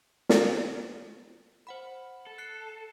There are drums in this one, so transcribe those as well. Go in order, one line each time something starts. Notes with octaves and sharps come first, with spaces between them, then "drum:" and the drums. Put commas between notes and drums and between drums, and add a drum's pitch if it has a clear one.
drum: snare
C5 F#5 B5
A4
F#6 C7 C#7